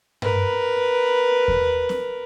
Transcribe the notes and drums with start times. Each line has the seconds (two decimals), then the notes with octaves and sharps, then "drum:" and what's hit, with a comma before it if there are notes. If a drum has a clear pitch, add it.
0.22 A#4 B4, drum: tom G2
1.48 drum: kick E2
1.89 drum: snare C4